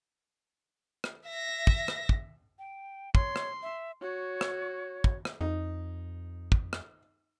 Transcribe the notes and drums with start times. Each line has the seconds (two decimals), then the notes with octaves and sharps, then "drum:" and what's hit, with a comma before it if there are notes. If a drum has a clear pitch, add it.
1.04 drum: rim click
1.25 E5 A#6
1.67 drum: kick
1.88 drum: rim click
2.09 drum: kick
2.59 G5
3.15 C#5 C6, drum: kick
3.36 drum: rim click
3.62 E5
4.01 F#4 C#5
4.41 drum: rim click
5.04 drum: kick
5.25 drum: rim click
5.41 F2 D#4
6.52 drum: kick
6.73 drum: rim click